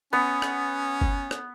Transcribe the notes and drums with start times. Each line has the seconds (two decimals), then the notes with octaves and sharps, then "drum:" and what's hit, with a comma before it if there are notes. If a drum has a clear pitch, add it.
0.13 B3 C#4
0.42 drum: rim click
1.01 drum: kick G1
1.31 drum: rim click